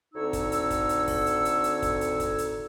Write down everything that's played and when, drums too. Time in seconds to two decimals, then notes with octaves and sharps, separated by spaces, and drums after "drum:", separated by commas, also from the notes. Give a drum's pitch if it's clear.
0.14 D2 C4 D#4 C#5 E6
0.33 drum: kick, hi-hat
0.52 drum: hi-hat
0.70 drum: kick, hi-hat
0.89 drum: hi-hat
1.08 drum: kick, open hi-hat
1.26 drum: hi-hat
1.45 drum: hi-hat
1.64 drum: hi-hat
1.82 drum: kick, hi-hat
2.01 drum: hi-hat
2.20 drum: kick, hi-hat
2.38 drum: hi-hat